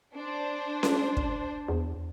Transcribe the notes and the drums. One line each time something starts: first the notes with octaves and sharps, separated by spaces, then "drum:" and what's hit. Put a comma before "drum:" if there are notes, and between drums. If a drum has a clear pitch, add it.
D4 C5
drum: snare C#4
drum: kick
E2